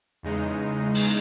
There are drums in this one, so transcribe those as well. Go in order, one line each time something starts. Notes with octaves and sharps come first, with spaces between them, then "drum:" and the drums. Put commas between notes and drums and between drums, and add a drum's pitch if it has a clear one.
E2 C#3 G#3 D#4
drum: open hi-hat